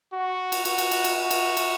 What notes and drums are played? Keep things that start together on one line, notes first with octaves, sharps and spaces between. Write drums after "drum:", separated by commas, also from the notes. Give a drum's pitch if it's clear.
F#4
drum: cymbal
F#4, drum: cymbal
drum: cymbal
drum: cymbal
drum: cymbal
F#4
drum: cymbal
drum: cymbal